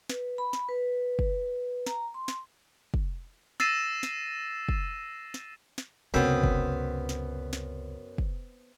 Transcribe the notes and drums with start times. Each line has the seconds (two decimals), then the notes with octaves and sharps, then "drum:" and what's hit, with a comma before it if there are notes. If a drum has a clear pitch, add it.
0.09 B4, drum: snare
0.38 B5
0.53 drum: snare
0.69 B4
1.19 drum: kick
1.86 A#5, drum: snare
2.14 C6
2.28 drum: snare
2.94 drum: kick
3.60 E6 A6 A#6 C7 D#7 E7, drum: snare
4.03 drum: snare
4.69 drum: kick
5.34 drum: snare
5.78 drum: snare
6.14 C#2 F#2 C3 B3 C4 B5
6.43 drum: kick
7.09 drum: snare
7.53 drum: snare
8.18 drum: kick